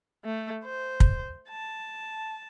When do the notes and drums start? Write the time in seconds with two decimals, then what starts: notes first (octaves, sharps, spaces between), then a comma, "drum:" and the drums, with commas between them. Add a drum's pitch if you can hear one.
0.25 A3
0.64 C5
1.00 drum: kick
1.49 A5